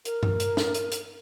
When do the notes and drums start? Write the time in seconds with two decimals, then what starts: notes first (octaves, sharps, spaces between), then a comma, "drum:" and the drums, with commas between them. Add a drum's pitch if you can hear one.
0.05 A#4, drum: hi-hat
0.23 drum: tom G2
0.40 drum: hi-hat
0.57 drum: snare
0.74 drum: hi-hat
0.92 drum: hi-hat